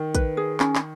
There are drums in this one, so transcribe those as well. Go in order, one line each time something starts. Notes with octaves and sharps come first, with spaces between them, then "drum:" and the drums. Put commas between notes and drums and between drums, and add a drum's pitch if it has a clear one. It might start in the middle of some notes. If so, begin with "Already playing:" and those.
Already playing: D#3
B4, drum: kick, hi-hat
G#4
C#4, drum: clap
drum: clap